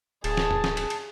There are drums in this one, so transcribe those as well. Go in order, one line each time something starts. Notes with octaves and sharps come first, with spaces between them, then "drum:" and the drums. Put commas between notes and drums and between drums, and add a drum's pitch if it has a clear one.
D1 G#4 A5, drum: cymbal
drum: snare
drum: tom
drum: snare
drum: cymbal
drum: cymbal